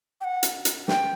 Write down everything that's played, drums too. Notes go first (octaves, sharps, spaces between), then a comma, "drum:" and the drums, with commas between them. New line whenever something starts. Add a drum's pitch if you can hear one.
G5
F#5
drum: hi-hat
drum: hi-hat
G5, drum: snare